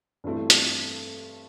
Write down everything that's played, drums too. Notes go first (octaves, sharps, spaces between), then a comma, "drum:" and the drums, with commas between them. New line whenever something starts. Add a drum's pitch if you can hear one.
G2 E3 A3 C4 E4
drum: hi-hat